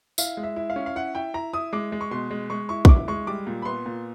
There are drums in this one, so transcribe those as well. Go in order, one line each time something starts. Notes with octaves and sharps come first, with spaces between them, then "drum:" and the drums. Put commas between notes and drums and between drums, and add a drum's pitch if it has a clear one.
E4 F5, drum: tambourine
G#3
E5
E4
F5
C#4
F5
E4 F#5
E4 G5
E4 A#5
E4 D#6
G#3 D6
G#3
C#6
B2 C6
G#3
G#3 C#6
E4 C#6
C#6, drum: kick
E4 D6
G#3 C#6
G3 D6
A#2
B5
B3 C6
A#2